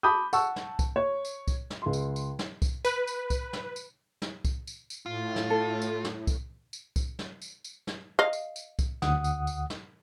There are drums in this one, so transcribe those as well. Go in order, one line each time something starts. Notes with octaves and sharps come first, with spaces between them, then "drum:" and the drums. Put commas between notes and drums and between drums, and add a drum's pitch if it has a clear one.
A5 B5 D6 D#6 G6
F#5 A5 C#6 E6, drum: tambourine
drum: snare
drum: kick C2, tambourine
C#5
drum: tambourine
drum: kick C2, tambourine
drum: snare
C#2 C6
drum: tambourine
drum: tambourine
drum: snare
drum: kick C2, tambourine
B4, drum: tambourine
drum: tambourine
drum: kick C2, tambourine
drum: snare
drum: tambourine
drum: snare
drum: kick C2, tambourine
drum: tambourine
drum: tambourine
A2 F4
drum: snare
A4
drum: tambourine
drum: snare
drum: kick C2, tambourine
drum: tambourine
drum: kick C2, tambourine
drum: snare
drum: tambourine
drum: tambourine
drum: snare
D#5 F5
drum: tambourine
drum: tambourine
drum: kick C2, tambourine
D2 F#5 D#6, drum: snare
drum: tambourine
drum: tambourine
drum: snare